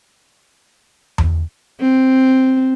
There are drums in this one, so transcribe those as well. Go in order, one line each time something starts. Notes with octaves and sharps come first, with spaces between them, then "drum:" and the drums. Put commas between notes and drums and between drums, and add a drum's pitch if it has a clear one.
drum: tom E2
C4